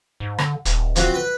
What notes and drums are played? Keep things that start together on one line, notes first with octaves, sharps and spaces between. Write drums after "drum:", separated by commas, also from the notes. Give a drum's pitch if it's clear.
G#2
D3, drum: rim click
D#1, drum: hi-hat
F3 C4 F#4, drum: hi-hat
B4